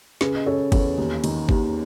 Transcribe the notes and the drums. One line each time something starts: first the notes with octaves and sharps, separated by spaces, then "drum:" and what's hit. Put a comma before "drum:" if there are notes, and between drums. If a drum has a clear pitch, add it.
C#3 G#4 B4, drum: snare
D#5
C#3 A4 C#5
E2 A4 C#5, drum: kick, cymbal
D#2
D#3, drum: cymbal
D#2, drum: kick